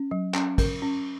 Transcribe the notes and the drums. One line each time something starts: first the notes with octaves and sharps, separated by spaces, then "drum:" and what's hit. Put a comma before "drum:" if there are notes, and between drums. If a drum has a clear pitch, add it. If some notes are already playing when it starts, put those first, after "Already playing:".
Already playing: C#4
F#3
C#4, drum: clap
A#4, drum: kick, cymbal
C#4